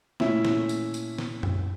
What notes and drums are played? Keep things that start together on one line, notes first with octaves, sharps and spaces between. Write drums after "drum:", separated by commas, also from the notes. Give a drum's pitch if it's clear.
A#2 A3 C#4 E4, drum: snare
drum: snare
drum: tambourine
drum: tambourine
drum: snare
drum: tom F#2